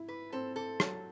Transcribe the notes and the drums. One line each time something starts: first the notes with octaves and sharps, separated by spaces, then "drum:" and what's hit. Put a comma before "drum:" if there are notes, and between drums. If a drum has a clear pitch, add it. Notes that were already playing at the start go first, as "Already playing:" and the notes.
Already playing: E4
B4
C4 A4
A4
F#3, drum: rim click